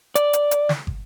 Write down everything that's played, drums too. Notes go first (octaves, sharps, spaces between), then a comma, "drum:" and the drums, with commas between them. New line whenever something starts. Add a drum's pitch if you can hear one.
D5, drum: hi-hat
drum: hi-hat
drum: hi-hat
drum: snare
drum: kick